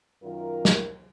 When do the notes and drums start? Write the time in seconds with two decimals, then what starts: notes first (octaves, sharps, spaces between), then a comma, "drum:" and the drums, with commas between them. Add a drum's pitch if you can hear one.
0.24 F#2 D#3 F4 A#4
0.65 drum: snare